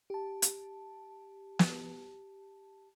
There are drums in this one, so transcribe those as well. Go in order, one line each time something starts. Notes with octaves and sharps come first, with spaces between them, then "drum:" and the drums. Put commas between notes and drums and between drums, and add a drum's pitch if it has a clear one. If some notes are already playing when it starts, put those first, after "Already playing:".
G4 A5
drum: hi-hat
drum: snare